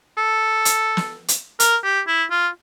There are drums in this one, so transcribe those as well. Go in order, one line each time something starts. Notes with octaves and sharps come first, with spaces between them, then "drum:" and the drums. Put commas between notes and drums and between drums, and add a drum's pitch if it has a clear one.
A4
drum: hi-hat
drum: snare
drum: hi-hat
A#4, drum: hi-hat
G4
E4
F4